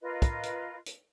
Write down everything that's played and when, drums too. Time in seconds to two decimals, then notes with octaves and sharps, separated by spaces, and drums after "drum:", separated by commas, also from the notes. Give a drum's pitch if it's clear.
0.01 F4 A#4 B4 D#5
0.22 drum: kick, hi-hat
0.43 drum: hi-hat
0.86 drum: hi-hat